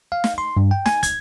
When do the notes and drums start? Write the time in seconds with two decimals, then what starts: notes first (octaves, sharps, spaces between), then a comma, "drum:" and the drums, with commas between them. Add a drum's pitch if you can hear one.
0.12 F5
0.24 drum: snare
0.38 C6
0.57 G2
0.71 G5
0.86 G#5, drum: snare
1.03 G#6, drum: kick, hi-hat